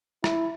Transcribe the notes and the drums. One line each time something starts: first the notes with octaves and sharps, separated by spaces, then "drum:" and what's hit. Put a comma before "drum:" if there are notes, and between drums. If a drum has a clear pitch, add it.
E4, drum: rim click